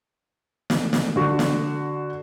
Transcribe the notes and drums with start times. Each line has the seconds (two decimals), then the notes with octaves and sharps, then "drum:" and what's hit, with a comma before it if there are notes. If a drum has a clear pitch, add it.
0.70 drum: snare
0.93 drum: snare
1.16 D3 F#4
1.39 drum: snare